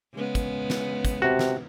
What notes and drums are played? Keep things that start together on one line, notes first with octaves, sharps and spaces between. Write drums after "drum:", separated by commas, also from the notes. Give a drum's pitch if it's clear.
C#3 G#3 B3
drum: kick, hi-hat
drum: snare
drum: kick, hi-hat
C3 F#4
drum: snare